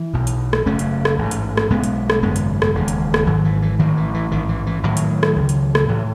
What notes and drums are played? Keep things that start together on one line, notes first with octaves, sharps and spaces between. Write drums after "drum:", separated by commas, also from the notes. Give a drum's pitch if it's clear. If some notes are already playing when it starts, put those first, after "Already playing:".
Already playing: E3
B1 B2
drum: hi-hat
drum: rim click
F#1 F#2 C#3 A3 C#4
drum: hi-hat
drum: rim click
A1 G#2
drum: hi-hat
drum: rim click
B1 B2 G#3 B3
drum: hi-hat
drum: rim click
G#1 F#2 C#3 G#3 B3
drum: hi-hat
drum: rim click
E1 D#2 C#3
drum: hi-hat
drum: rim click
G#1 G#2 D#3 F#3
E3
E3
A1 A2 D#3 F#3
E3
E3
A1 G#2 D#3
E3
E3
A1 A2 D#3 F#3
drum: hi-hat
drum: rim click
C#2 C#3
drum: hi-hat
drum: rim click
A2 E3